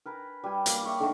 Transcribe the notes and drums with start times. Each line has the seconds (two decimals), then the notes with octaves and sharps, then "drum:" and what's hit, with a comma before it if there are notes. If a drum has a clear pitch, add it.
0.06 A#4 B4 G#5 A#5
0.44 G3 B4 G#5
0.66 A#3, drum: hi-hat
0.83 G4 G#4 C#5 E5
1.00 D3 D#3 A3 A#3